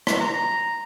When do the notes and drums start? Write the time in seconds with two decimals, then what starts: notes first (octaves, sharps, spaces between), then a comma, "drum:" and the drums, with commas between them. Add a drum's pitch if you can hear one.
0.07 drum: rim click
0.20 A#5